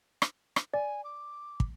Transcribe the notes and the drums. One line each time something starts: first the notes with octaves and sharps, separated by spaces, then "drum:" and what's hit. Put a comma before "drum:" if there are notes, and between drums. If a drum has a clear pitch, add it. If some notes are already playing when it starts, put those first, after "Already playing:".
drum: rim click
drum: rim click
D5 G#5
D6
drum: kick